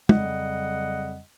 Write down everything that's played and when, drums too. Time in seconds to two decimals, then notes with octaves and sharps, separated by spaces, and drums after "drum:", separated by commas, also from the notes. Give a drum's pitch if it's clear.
0.09 F2 C#3 F#3 G3 D#5 F#5, drum: tom